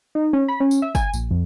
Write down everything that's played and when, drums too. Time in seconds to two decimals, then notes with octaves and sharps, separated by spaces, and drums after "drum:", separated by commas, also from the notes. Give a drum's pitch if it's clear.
0.15 D#4
0.33 C#4
0.48 B5
0.60 C#4
0.71 drum: tambourine
0.82 E5
0.95 G#5, drum: kick, tambourine
1.14 A#1, drum: tambourine
1.31 F2